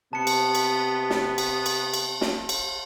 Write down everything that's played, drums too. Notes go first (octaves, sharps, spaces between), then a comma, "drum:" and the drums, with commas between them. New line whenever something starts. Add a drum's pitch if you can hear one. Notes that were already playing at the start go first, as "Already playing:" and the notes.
C3 B3 A5 C#7
drum: cymbal
drum: cymbal
drum: snare
drum: cymbal
drum: cymbal
drum: cymbal
drum: snare
drum: cymbal